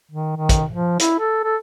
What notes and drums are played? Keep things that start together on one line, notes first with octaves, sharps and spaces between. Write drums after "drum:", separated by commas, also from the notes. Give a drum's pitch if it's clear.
D#3
D#3
drum: kick, hi-hat
F3
E4, drum: hi-hat
A4
A4